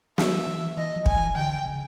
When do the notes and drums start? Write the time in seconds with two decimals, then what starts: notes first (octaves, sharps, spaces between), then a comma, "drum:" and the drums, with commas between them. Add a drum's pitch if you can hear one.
0.18 F#3 E5, drum: snare
0.47 E3
0.77 E3 D#5
0.96 F3
1.06 G#5, drum: kick
1.16 E3
1.36 D3 G5
1.66 C#3